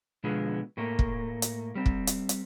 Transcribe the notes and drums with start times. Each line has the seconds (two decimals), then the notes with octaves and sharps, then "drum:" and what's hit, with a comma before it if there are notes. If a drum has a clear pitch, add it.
0.24 B2 D3 F3 G#3 B3
0.77 A2 A3 A#3
0.99 drum: kick
1.42 drum: hi-hat
1.75 G3 C4
1.86 drum: kick
2.07 drum: hi-hat
2.29 drum: hi-hat